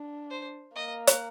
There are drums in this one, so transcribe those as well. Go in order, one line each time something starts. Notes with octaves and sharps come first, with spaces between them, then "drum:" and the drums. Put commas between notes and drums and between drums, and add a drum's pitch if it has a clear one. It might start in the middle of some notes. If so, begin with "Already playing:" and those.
Already playing: D4
C5
A#3 D#5
drum: hi-hat